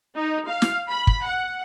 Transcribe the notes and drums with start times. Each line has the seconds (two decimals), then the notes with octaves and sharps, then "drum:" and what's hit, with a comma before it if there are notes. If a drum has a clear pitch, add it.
0.16 D#4
0.49 F5
0.62 drum: snare
0.90 B5
1.07 drum: kick
1.22 F#5